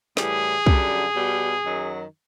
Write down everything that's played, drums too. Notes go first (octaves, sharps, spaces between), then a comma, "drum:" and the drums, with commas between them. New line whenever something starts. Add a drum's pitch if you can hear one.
A2 E3 G3 G#4, drum: snare
F#2 D3 G3, drum: kick
B2 G3
F#2 D#3 F#3